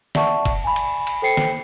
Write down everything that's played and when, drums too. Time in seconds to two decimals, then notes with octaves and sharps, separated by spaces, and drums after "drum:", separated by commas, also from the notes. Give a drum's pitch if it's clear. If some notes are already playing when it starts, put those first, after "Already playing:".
0.15 D5 E5 F#5 A5 C#6, drum: snare
0.45 drum: kick, cymbal
0.64 G#5 B5
0.76 drum: cymbal
1.07 drum: cymbal
1.22 A4 C5 G5 C7 C#7
1.37 drum: snare